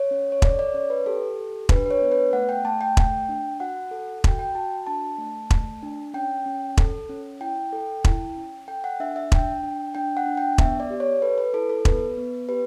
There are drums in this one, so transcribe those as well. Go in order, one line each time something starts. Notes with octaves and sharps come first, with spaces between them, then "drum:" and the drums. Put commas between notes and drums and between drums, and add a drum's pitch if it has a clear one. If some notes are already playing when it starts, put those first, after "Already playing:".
Already playing: C#5
C#4
C#5
A4 D5, drum: kick E1
D5
C#4 C#5
B4
G4 A4
G4
D4 B4, drum: kick E1
B4
C#5
B3
B4
A3 F#5
G5
A3 A5
G5
A3, drum: kick E1
D4
F#4 F#5
A4
F#4 G5, drum: kick E1
G5
F#4 A5
D4 A5
A3
A3, drum: kick E1
D4
C#4 G5
C#4
A4, drum: kick E1
C#4
E4 G5
A4
E4, drum: kick E1
C#4
A4 G5
F#5
D4 E5
E5
D4 G5, drum: kick E1
D4
D4 G5
F#5
D4
G5
B3 E5, drum: kick E1
D5
G4
C#5
A4 B4
B4
E4 A4
A4
B3 B4, drum: kick E1
B3
G4 B4